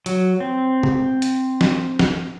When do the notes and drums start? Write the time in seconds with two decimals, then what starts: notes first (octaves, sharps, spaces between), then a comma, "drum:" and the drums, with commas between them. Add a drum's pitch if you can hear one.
0.06 F#3, drum: hi-hat
0.40 C4
0.83 drum: tom C3
1.22 drum: hi-hat
1.61 drum: snare
1.99 drum: snare